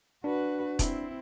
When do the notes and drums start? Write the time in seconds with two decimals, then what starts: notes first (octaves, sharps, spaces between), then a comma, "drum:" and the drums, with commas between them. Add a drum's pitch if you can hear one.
0.24 D4 F#4 B4
0.79 C4 E4, drum: kick E1, hi-hat